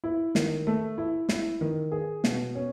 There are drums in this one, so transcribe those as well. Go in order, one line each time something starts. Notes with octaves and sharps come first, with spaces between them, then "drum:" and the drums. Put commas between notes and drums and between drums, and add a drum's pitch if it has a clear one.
E4
D#3, drum: snare
A3
E4
E4, drum: snare
D#3
G#4
B2, drum: snare
C#4